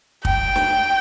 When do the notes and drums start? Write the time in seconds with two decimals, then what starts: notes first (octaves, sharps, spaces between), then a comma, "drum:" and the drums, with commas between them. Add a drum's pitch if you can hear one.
0.25 G5, drum: kick
0.56 drum: snare